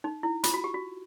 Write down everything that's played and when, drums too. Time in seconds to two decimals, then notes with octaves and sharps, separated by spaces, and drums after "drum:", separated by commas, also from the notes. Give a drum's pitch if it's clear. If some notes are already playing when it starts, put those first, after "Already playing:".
0.04 D#4
0.23 E4
0.44 F4, drum: hi-hat
0.54 F#4
0.64 G4
0.74 F#4